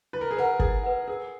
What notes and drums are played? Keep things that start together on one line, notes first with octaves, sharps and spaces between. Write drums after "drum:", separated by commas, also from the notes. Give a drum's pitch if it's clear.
E4 B4
A#4
G#4
A#4 B4 F#5
E4 G#4, drum: kick G1
B4 F#5
G#4 A#4